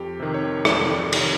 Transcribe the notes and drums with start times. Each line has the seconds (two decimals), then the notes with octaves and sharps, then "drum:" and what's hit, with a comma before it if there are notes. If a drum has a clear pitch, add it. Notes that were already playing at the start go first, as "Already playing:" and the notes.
Already playing: F2 G4
0.20 C3 D#3
0.34 C#5
0.65 F2 D5, drum: rim click
1.13 C3 D#3, drum: cymbal
1.21 C#5